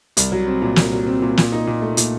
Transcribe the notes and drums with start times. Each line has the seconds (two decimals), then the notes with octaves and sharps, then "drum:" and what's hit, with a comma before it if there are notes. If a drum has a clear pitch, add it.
0.17 C2, drum: hi-hat
0.32 F#3
0.47 C4
0.62 A#2
0.76 C2, drum: snare
0.92 F#3
1.07 C4
1.22 A#2
1.37 A#2, drum: snare
1.52 D#4
1.67 A#2
1.82 A3
1.97 A#2, drum: hi-hat